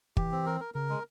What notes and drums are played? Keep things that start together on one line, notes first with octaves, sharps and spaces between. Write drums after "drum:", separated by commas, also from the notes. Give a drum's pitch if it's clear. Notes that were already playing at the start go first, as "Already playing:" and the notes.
E3 G4, drum: kick
C4
A#4
A#4
C#3 A#4
G#3